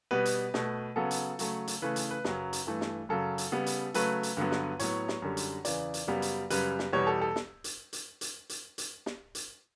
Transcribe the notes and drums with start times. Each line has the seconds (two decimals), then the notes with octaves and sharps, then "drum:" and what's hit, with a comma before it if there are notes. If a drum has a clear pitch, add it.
0.11 B2 G3 B3 B4
0.25 drum: hi-hat
0.54 B2 A3, drum: snare
0.96 C#3 F#3 B3 A4
1.11 drum: hi-hat
1.39 C#3 F#3 A3, drum: hi-hat
1.67 drum: hi-hat
1.82 C#3 E3 A3 B4
1.96 drum: hi-hat
2.11 B4
2.25 F#2 C#3 F#3, drum: snare
2.53 drum: hi-hat
2.67 G2 E3 A3
2.81 drum: snare
3.09 F#2 C#3 F#3 A4
3.38 drum: hi-hat
3.52 C#3 G3 B3
3.66 drum: hi-hat
3.94 C#3 F#3 A3 B4, drum: hi-hat
4.23 drum: hi-hat
4.37 G2 D3 F#3 B3
4.52 drum: snare
4.79 A2 F#3 B3 C#5, drum: hi-hat
5.08 drum: snare
5.22 F#2 D3 G3
5.37 drum: hi-hat
5.65 E2 C#3 E3 D5, drum: hi-hat
5.94 drum: hi-hat
6.07 F#2 C#3 G3 B3
6.22 drum: hi-hat
6.50 F#2 C#3 G3 B4, drum: hi-hat
6.79 drum: snare
6.93 E2 B2 G3 B3 C#5
7.07 A4
7.22 A4
7.36 drum: snare
7.64 drum: hi-hat
7.93 drum: hi-hat
8.21 drum: hi-hat
8.49 drum: hi-hat
8.78 drum: hi-hat
9.06 drum: snare
9.35 drum: hi-hat